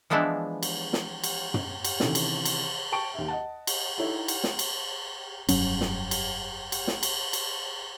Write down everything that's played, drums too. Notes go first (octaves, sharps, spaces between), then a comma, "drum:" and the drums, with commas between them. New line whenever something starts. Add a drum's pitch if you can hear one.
E3 F3 G#3 B3 D4 E4
drum: cymbal
drum: snare
drum: cymbal
drum: tom
drum: cymbal
C3 D#3 E3 C#4 A4, drum: snare
drum: cymbal
drum: cymbal
G5 A5 C#6 D7
D#2 E5
D#5 F#5 A5
drum: cymbal
D#4 E4 A4 C#5
drum: cymbal
drum: snare
drum: cymbal
F1 G2 F#3 C#4, drum: cymbal
drum: snare
drum: cymbal
drum: cymbal
drum: snare
drum: cymbal
drum: cymbal